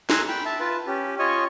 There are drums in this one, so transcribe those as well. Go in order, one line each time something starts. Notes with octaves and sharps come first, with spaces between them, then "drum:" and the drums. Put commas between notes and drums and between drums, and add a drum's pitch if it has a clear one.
G#5 A#5 C6 E6 F#6, drum: snare
G5 B5
E5 A5
F4 B4 A5
C#4 G4
F4 C#5 D#5 G#5 C#6